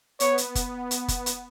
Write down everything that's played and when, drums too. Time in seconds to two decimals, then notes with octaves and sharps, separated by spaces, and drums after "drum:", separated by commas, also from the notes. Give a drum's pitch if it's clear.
0.20 B3 C#5, drum: hi-hat
0.38 drum: hi-hat
0.55 drum: kick F#1, hi-hat
0.91 drum: hi-hat
1.08 drum: kick F#1, hi-hat
1.26 drum: hi-hat